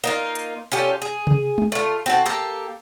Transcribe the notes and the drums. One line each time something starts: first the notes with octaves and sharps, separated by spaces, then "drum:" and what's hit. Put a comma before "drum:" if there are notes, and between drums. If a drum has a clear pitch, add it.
A#3 D#4 F4
drum: hi-hat
C#4 F4 G4 A4
G#4
drum: tom C3
drum: tom G#3
A3 F4
C4 F#4 A4
A#3 G4 A4